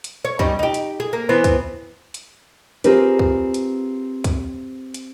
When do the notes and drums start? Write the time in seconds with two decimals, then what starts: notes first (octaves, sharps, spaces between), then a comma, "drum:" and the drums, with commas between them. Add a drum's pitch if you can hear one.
0.04 drum: hi-hat
0.25 C#5
0.39 G3 C#4 D#4, drum: kick
0.59 D#4 G4
0.74 drum: hi-hat
1.00 G#4
1.13 A#3
1.29 E3 B3 C4
1.44 drum: kick, hi-hat
2.14 drum: hi-hat
2.84 C4 F4 G4 G#4 A#4 B4, drum: hi-hat
3.19 drum: kick
3.54 drum: hi-hat
4.24 drum: kick, hi-hat
4.94 drum: hi-hat